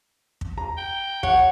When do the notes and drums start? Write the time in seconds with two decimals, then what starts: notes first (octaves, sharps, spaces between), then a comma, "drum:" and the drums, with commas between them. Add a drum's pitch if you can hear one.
0.41 drum: kick
0.58 A#5
0.77 G5
1.23 C#5 F#5, drum: kick